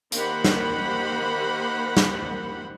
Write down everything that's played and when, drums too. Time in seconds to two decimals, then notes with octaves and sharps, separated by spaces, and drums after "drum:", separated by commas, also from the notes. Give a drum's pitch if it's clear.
0.12 D#3 A#3 G4 C5 F#5 B5, drum: hi-hat
0.44 drum: snare
1.97 drum: snare